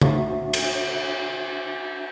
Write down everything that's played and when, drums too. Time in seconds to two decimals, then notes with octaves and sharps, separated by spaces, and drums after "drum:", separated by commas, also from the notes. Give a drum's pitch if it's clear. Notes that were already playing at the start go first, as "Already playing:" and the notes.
0.01 D4 F#4 E5 F#5 A#5, drum: tom C#3
0.53 drum: cymbal